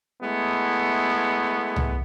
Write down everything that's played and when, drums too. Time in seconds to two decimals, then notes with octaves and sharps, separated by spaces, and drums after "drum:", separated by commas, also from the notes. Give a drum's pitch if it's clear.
0.22 G#3 A3 B3 E4
1.76 drum: tom C2